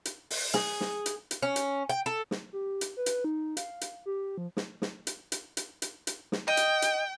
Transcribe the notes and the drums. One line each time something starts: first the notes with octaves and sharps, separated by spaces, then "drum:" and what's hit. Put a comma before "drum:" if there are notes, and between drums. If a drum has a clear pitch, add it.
drum: hi-hat
drum: open hi-hat
G#4, drum: snare
drum: snare
drum: hi-hat
drum: hi-hat
C#4
drum: hi-hat
G5
A4
drum: snare
G4
drum: hi-hat
B4
drum: hi-hat
D#4
F5, drum: hi-hat
drum: hi-hat
G4
F3
drum: snare
drum: snare
drum: hi-hat
drum: hi-hat
drum: hi-hat
drum: hi-hat
drum: hi-hat
drum: snare
D#5 G5
drum: hi-hat
drum: hi-hat